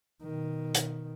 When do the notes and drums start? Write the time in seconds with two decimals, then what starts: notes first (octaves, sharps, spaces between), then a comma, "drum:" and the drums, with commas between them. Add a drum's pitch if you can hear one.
0.22 B2 D#3
0.75 drum: hi-hat